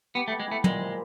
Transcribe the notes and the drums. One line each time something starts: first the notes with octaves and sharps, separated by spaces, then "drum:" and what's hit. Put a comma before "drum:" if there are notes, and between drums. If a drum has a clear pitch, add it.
B3 G4
A3
B3
G#3
A3 E4
A#2 G#3, drum: tom
F3